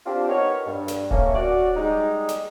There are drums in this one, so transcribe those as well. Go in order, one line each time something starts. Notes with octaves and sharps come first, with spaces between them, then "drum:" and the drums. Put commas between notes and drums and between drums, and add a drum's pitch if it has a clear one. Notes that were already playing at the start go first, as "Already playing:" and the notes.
C4 D4 F4 G4
B3 D#4 A#4 C#5
G2
drum: snare
A3 A#3 C#4, drum: kick D1
C#4 F#4 D5
G3 G#3 D#4
drum: snare